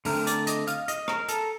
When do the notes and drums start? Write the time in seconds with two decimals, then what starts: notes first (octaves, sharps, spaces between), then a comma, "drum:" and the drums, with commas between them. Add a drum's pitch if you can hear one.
0.05 D3 A3 C4 A#4, drum: open hi-hat
0.27 D5, drum: hi-hat
0.47 D#5, drum: hi-hat
0.67 F5, drum: hi-hat
0.88 D#5, drum: hi-hat
1.08 A#4, drum: rim click
1.28 A4, drum: hi-hat